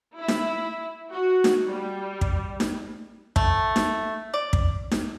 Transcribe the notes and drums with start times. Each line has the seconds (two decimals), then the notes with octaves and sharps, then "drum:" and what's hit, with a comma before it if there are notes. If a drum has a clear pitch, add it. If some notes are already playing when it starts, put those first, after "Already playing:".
0.17 E4
0.28 drum: snare D#4
1.10 F#4
1.44 drum: snare D#4
1.66 G3
2.21 drum: kick
2.60 drum: snare D#4
3.36 A3, drum: kick
3.76 drum: snare D#4
4.34 D5
4.53 drum: kick
4.91 drum: snare D#4